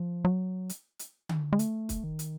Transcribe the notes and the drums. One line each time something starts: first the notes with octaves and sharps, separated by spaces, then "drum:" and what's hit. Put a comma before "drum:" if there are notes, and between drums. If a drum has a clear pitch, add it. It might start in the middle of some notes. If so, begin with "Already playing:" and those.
Already playing: F3
F#3
drum: hi-hat
drum: hi-hat
drum: tom D3
G#3
A3, drum: hi-hat
drum: kick, hi-hat
D#3
drum: hi-hat